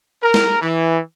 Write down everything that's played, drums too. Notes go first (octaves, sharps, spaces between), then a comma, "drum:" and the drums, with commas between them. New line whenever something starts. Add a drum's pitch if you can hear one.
A#4
drum: snare
E3